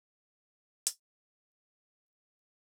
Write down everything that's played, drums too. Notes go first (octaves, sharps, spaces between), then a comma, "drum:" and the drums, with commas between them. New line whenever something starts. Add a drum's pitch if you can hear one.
A1 D#3 F3
A2 F#3 F4 G4 C#5, drum: hi-hat
F#5